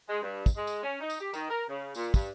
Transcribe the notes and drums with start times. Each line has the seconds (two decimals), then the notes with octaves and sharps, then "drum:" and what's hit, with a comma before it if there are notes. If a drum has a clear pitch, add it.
0.09 G#3
0.21 G2
0.46 drum: kick, tambourine
0.55 G#3
0.67 drum: tambourine
0.83 C#4
1.00 D#4
1.10 drum: tambourine
1.19 G4
1.34 D#3, drum: tambourine
1.49 A#4
1.69 C#3
1.95 A#2, drum: tambourine
2.14 G2, drum: kick, tambourine